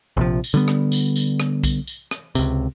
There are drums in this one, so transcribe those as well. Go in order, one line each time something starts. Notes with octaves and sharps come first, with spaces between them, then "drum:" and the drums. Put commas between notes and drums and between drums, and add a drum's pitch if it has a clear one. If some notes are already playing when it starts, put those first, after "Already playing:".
A#1 C3 F3
drum: tambourine
D3 G3 B3
drum: rim click
drum: tambourine
drum: tambourine
drum: rim click
drum: kick, tambourine
drum: tambourine
drum: rim click
C#2 C3, drum: tambourine